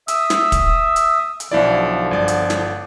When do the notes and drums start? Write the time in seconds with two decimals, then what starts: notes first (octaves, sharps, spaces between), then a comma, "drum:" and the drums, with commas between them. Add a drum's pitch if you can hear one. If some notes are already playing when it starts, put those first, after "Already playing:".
0.08 E5 D#6 E6, drum: hi-hat
0.30 drum: snare
0.52 drum: kick, hi-hat
0.96 drum: hi-hat
1.40 drum: hi-hat
1.52 B1 D3 F3 E4 D5
2.11 G1 D5
2.28 drum: hi-hat
2.50 drum: snare